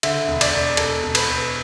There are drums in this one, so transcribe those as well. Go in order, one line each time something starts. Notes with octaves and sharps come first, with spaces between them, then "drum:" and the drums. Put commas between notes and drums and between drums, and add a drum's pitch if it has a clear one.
D3 E5, drum: cymbal
E1
D5, drum: cymbal
E1
E1 A4, drum: cymbal
E1
B4, drum: cymbal
E1